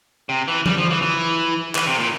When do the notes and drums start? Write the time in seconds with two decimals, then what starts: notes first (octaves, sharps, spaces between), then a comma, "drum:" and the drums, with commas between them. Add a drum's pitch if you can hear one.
0.29 C3
0.48 E3
0.66 G3, drum: tom E3
0.78 F3
0.90 E3
1.02 E3
1.75 E3, drum: clap
1.87 C3
1.99 A#2